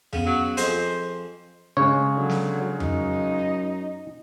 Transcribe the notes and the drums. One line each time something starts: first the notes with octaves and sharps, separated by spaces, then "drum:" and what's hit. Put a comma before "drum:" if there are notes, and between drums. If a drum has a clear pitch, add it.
C#3 B3, drum: tom F2
F#3
F2 G#4 C5 D#5, drum: hi-hat
C#3 G#3 C#5
D3 F#3
drum: snare
F#2 D#4, drum: tom F2